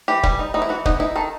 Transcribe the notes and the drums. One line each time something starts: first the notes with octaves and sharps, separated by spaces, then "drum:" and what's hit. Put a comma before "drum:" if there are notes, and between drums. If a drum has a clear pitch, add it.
E3 G4
G3, drum: kick
D#4
E3 D#4
E4
E3 F#4
B3 D#4, drum: kick
D#4 E4
D#3 A4